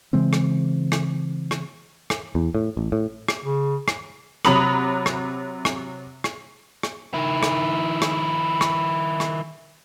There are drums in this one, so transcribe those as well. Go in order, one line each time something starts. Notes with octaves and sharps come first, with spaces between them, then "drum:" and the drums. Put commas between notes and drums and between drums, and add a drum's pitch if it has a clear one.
C#3 E3 G#3 C4
drum: rim click
drum: rim click
drum: rim click
drum: rim click
E2
A2
A1
A2
drum: rim click
C#3
drum: rim click
C3 F#3 A#5 B5 D#6 F#7, drum: rim click
drum: rim click
drum: rim click
drum: rim click
drum: rim click
D#3 E4
drum: rim click
drum: rim click
drum: rim click
drum: rim click